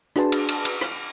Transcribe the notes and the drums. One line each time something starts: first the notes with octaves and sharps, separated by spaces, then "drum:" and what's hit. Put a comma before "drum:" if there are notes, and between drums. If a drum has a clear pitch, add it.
D4 F#4 G#4 B4 A5 C6, drum: rim click
drum: cymbal
drum: cymbal
drum: cymbal
drum: rim click